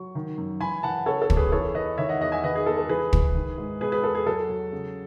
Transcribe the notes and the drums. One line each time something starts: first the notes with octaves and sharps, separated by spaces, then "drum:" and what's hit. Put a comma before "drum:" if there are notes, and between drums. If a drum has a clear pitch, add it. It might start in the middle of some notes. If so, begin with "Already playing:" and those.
Already playing: F#3 C#6
D#3
F#2
E3 G#5 B5
E3 F#5 A5
C#3 A4 C#5
A4
E2, drum: kick
G#4 B4
E3 A4 C#5
E3 B4 D#5
D#3 C#5 E5
D#5 F#5
E2 D#5 F#5
E5 G#5
D#3 B4 D#5
G#4
E2 A4
A4
E3 G#4 B4
E3, drum: kick
D#3
G#2
B2 G#4 B4
G#4 B4
E2 A4
G#4
F#3 A4
F#3
C#3